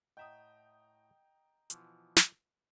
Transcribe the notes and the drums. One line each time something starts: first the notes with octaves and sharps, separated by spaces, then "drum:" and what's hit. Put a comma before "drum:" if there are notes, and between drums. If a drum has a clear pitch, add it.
A2 D#5 E5 F#5 G5 A#5 D#6 G6
B2 E3 F3, drum: hi-hat
drum: snare